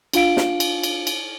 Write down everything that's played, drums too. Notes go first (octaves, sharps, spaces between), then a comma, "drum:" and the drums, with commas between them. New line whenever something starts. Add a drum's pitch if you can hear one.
D4 F4 F5 D7, drum: cymbal
drum: snare
drum: cymbal
drum: cymbal
drum: cymbal